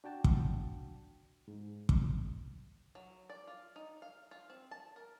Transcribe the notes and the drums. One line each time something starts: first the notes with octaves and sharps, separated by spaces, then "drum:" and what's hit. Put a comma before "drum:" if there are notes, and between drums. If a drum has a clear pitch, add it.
D4 F#4 G5 A5
drum: kick
G#2
drum: kick
F#3
D5
F4
D#4
F5
F4
C4
A5
A#4